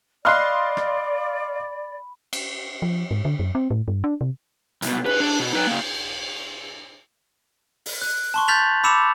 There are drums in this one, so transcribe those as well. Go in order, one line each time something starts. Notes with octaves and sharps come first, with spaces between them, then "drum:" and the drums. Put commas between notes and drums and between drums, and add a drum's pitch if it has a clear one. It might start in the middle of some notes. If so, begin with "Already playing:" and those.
D5 D#5 F5 B5 C6 F6 F#6 C7
drum: rim click
drum: cymbal
F3
G#2
D3
F#2
C4
A2
G2
D4
C3
C2 B2, drum: hi-hat
B4, drum: cymbal
D4
B2
D#4 B4
C#3 A#3
drum: open hi-hat
F#6
A5 C6 C#6
F6 G6 A6 B6 F7 F#7
B5 D6 E6 C#7 E7 F7